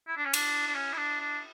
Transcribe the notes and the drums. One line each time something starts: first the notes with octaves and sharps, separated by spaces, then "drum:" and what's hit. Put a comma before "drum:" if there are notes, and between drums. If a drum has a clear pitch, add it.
E4
D4
C#4
D4, drum: cymbal
D4
C#4
E4
D4
D4